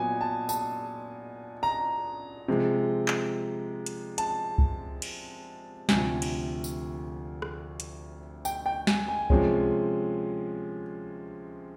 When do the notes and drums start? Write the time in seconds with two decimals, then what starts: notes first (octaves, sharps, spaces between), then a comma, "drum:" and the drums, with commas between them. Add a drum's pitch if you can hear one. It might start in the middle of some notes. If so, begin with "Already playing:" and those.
Already playing: A#2 F#3 B3 G#5
0.21 A5
0.49 A5, drum: tambourine
1.63 A#5
2.48 C3 F3 G#3
3.08 drum: clap
3.86 drum: hi-hat
4.18 A5, drum: hi-hat
4.58 drum: kick C2
5.02 drum: cymbal
5.89 D2 C3 F3 G#5, drum: snare
6.22 drum: cymbal
6.64 drum: tambourine
7.42 drum: rim click
7.80 drum: hi-hat
8.45 G5, drum: tambourine
8.66 G5
8.87 G#5, drum: snare
9.08 G#5
9.30 C3 F3 G#3 C#4, drum: kick C2